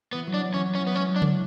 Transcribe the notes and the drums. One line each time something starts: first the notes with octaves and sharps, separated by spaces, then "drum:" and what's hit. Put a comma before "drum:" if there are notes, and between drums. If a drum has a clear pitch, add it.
E3 B3
F#3
D4
F#3
E3 C#4
F#3
C#4
F#3
B3
G#3 C#4
F#3
D4
E3, drum: tom C#3